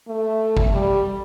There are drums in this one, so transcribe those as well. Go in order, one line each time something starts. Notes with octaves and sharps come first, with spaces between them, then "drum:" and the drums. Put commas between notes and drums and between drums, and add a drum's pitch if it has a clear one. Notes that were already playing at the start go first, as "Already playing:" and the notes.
A3
drum: kick
G3